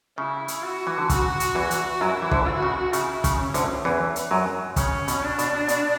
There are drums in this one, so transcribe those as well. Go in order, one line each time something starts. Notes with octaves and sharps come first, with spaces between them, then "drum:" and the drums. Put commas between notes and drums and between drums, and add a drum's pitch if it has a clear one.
C#3 E4
drum: hi-hat
F#4
E3
D3
C#3 F#4, drum: kick, hi-hat
drum: hi-hat
E2 E3
drum: hi-hat
F#2 F#3 E4
E3
D2 D3, drum: kick
F#4
C#3
C#3 E4, drum: hi-hat
C#3, drum: kick, hi-hat
C#4
D2 D3, drum: hi-hat
E2 E3
drum: hi-hat
F#2 F#3
C#3 C#4, drum: kick, hi-hat
B2, drum: hi-hat
D4
B2, drum: hi-hat
B2, drum: hi-hat